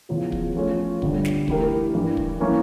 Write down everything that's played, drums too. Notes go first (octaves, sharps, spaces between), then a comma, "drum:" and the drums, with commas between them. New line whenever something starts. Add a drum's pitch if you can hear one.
E2 C#3 F3
drum: kick
F3 A3 C#4 F4 C#5
G2 D3 G3 D4, drum: kick
drum: snare
E3 A3 E4 G4 A#4, drum: kick
G2 E3 G3
drum: kick
E3 A#3 C#4 E4